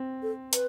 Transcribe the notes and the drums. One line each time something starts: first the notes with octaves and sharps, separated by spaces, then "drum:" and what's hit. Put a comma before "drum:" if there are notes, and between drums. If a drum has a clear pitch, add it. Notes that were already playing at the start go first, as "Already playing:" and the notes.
Already playing: C4
A4
B4, drum: hi-hat